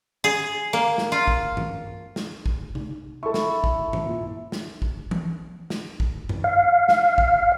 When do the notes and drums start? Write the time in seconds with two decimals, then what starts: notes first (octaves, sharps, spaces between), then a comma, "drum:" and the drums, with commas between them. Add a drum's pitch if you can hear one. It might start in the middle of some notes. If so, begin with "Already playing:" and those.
0.24 G#4
0.73 A#3
0.98 drum: snare
1.12 F4
1.28 drum: kick A1
1.57 drum: tom G2
2.16 drum: snare
2.46 drum: kick A1
2.75 drum: tom C3
3.23 E4 A4 C#6
3.34 drum: snare
3.64 drum: kick A1
3.93 drum: tom G2
4.05 A#2
4.52 drum: snare
4.82 drum: kick A1
5.11 drum: tom E3
5.70 drum: snare
6.00 drum: kick A1
6.29 drum: tom F#2
6.44 F5
6.88 drum: snare
7.18 drum: kick A1